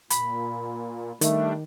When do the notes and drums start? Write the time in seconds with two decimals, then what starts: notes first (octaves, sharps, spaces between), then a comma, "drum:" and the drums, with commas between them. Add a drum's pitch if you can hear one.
0.10 A#2 B5, drum: hi-hat
1.21 D#3 G3 A3 D4, drum: hi-hat